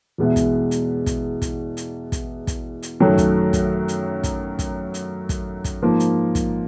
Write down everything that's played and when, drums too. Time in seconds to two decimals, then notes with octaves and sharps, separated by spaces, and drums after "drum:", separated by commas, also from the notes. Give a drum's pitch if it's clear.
0.18 E2 B2 G#3 B3 E4
0.36 drum: kick, hi-hat
0.71 drum: hi-hat
1.06 drum: kick, hi-hat
1.42 drum: kick, hi-hat
1.77 drum: hi-hat
2.12 drum: kick, hi-hat
2.47 drum: kick, hi-hat
2.83 drum: hi-hat
3.00 F#2 D#3 F#3 A3
3.18 drum: kick, hi-hat
3.53 drum: kick, hi-hat
3.88 drum: hi-hat
4.24 drum: kick, hi-hat
4.59 drum: kick, hi-hat
4.94 drum: hi-hat
5.29 drum: kick, hi-hat
5.64 drum: kick, hi-hat
5.82 G#2 F3 A#3
6.00 drum: hi-hat
6.35 drum: kick, hi-hat